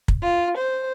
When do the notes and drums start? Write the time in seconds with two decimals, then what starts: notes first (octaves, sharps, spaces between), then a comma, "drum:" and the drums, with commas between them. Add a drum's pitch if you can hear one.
0.08 drum: kick
0.21 F4
0.57 C5